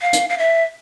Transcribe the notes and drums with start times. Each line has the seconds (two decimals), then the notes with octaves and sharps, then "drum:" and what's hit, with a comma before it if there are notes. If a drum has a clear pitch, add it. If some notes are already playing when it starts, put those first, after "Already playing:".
0.02 F5
0.13 drum: hi-hat
0.30 F5
0.38 E5